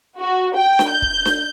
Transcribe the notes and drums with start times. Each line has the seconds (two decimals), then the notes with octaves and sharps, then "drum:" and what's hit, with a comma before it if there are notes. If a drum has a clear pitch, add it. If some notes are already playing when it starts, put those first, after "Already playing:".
0.18 F#4
0.56 G5
0.79 drum: snare D4
0.90 G6
1.02 drum: kick
1.25 drum: snare D4